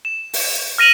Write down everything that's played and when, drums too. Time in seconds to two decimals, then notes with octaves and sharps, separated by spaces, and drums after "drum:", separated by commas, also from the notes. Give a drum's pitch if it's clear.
0.05 E7
0.33 drum: open hi-hat
0.78 F6 A#6 D#7 F7 F#7